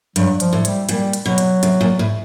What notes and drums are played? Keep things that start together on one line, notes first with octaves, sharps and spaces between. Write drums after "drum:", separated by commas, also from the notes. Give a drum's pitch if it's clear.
G2 F#3, drum: hi-hat
F3, drum: hi-hat
A2
G3, drum: hi-hat
A#2 G3, drum: hi-hat
drum: hi-hat
B2 F#3
drum: hi-hat
C3, drum: hi-hat
A#2
A2